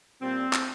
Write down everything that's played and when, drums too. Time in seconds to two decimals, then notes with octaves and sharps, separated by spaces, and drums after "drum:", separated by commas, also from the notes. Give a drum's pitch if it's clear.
0.22 A#2 G3 C4
0.53 drum: clap